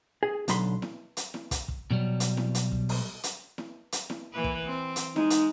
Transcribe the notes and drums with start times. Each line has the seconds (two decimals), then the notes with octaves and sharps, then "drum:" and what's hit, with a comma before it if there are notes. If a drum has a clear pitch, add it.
0.23 G#4
0.48 B1 D3 F#3 B5 C6, drum: hi-hat
0.82 drum: snare E4
1.17 drum: hi-hat
1.34 drum: snare E4
1.51 drum: kick, hi-hat
1.68 drum: kick
1.91 B2 F#3 G3
2.20 drum: hi-hat
2.37 drum: snare E4
2.55 drum: hi-hat
2.72 drum: kick
2.89 drum: open hi-hat
3.23 drum: hi-hat
3.58 drum: snare E4
3.92 drum: hi-hat
4.10 drum: snare E4
4.32 E3 A#3 B4
4.44 drum: kick
4.65 C4
4.96 drum: hi-hat
5.16 G#3 D#4, drum: snare E4
5.30 drum: hi-hat